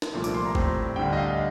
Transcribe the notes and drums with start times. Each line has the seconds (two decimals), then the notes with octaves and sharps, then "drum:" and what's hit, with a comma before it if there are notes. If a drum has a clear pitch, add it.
0.02 drum: snare
0.14 C2 A#2 F3 A3
0.24 D6, drum: tambourine
0.34 C6
0.45 A#5
0.55 A2 G3 C4, drum: kick
0.96 D2 D3 G3 G5
1.13 D#5
1.17 F5